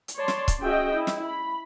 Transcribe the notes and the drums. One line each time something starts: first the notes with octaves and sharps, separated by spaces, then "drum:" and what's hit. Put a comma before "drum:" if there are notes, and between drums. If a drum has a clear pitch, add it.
drum: hi-hat
C#5 D5 A5 C6
drum: snare
drum: kick, hi-hat
C#4 F#4 G#4 D#5 E5 G5
E4
drum: snare
B5